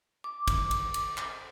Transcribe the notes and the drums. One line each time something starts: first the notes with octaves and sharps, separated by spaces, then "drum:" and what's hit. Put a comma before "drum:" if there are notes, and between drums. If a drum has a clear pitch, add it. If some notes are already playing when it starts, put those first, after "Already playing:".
D6
drum: kick, cymbal
drum: cymbal
drum: cymbal
drum: clap